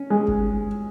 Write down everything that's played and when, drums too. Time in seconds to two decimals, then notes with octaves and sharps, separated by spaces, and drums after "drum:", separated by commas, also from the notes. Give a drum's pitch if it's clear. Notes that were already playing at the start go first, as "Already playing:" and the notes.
Already playing: C#4
0.10 G#3
0.28 drum: kick G1